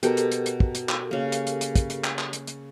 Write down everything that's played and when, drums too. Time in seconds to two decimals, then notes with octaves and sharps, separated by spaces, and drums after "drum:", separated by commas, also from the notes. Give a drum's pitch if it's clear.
0.03 B2 G4 A4 A#4 F#5 G5, drum: hi-hat
0.17 drum: hi-hat
0.32 drum: hi-hat
0.46 drum: hi-hat
0.60 drum: kick
0.75 drum: hi-hat
0.89 drum: clap
1.11 C#3 A#3
1.32 drum: hi-hat
1.47 drum: hi-hat
1.61 drum: hi-hat
1.75 drum: kick, hi-hat
1.90 drum: hi-hat
2.04 drum: clap
2.19 drum: clap
2.33 drum: hi-hat
2.47 drum: hi-hat